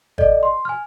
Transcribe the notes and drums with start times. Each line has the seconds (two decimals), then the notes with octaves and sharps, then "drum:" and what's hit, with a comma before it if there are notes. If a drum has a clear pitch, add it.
0.18 A4 D5 D#5, drum: kick G#1
0.43 C6
0.65 G#5 F6